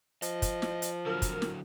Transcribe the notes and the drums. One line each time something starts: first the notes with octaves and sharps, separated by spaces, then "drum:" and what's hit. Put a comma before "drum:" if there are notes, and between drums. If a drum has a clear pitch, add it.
F3 D#5, drum: hi-hat
drum: kick, hi-hat
drum: snare
drum: hi-hat
D3 F#3 F4 A#4
drum: kick, hi-hat
drum: snare